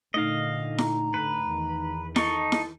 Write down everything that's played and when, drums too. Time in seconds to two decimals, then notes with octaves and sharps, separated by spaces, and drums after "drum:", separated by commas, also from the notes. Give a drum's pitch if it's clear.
0.14 A#2 D3 A3 D#4 D#5 F5
0.78 A#5, drum: snare E4
1.14 A2 D3 B4
1.44 E2 D#3
2.16 D#4 A4 D#5 C#6, drum: snare E4
2.52 drum: snare E4